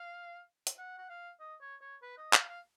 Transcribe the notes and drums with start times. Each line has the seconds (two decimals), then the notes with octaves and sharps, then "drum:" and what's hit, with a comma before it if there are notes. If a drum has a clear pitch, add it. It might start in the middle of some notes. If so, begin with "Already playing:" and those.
Already playing: F5
0.67 drum: hi-hat
0.78 F#5
0.98 F#5
1.09 F5
1.40 D#5
1.61 C#5
1.81 C#5
2.03 B4
2.18 D#5
2.33 F5, drum: clap
2.49 F5